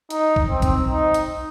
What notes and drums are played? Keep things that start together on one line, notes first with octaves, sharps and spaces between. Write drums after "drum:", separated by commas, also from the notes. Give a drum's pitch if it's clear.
D#4, drum: hi-hat
drum: kick A#1
C4
drum: kick A#1, hi-hat
D#4
drum: hi-hat